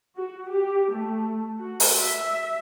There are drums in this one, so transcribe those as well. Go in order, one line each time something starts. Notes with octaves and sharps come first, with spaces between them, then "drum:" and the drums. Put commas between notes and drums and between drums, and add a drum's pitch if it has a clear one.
F#4
G4
A3
F#4
drum: open hi-hat
E5